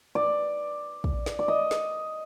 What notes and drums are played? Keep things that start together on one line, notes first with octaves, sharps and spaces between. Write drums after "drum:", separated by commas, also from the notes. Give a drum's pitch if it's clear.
D5
drum: kick
drum: snare
D5
D#5
drum: snare